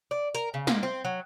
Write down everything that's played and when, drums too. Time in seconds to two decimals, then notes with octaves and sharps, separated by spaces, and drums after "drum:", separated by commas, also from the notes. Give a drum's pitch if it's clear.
0.11 D5
0.35 A#4, drum: hi-hat
0.54 C#3
0.67 A#3, drum: snare
0.83 C4
1.05 F#3